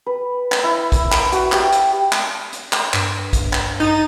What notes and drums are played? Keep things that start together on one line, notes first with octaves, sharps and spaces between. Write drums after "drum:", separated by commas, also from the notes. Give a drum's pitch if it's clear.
B4
drum: clap
E4
drum: kick, hi-hat
drum: clap
F#4, drum: hi-hat
G4, drum: clap
drum: hi-hat
drum: clap
drum: hi-hat
drum: clap
G2, drum: clap
drum: kick, hi-hat
drum: clap
D#4 A6 D#7